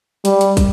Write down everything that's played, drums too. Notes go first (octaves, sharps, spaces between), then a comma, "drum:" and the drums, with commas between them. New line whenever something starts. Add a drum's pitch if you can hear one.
G3, drum: hi-hat
drum: hi-hat
drum: kick, hi-hat